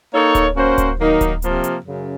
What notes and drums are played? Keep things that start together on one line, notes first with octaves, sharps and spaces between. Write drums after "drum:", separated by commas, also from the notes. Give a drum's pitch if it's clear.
A#3 D#4 A4 C#5
drum: kick D1, hi-hat
A#3 C#4 F#4 C5
drum: kick D1, hi-hat
D#3 F#3 A#3 D#4
drum: kick D1, hi-hat
C3 F3 A#3, drum: hi-hat
drum: hi-hat
F#2 C#3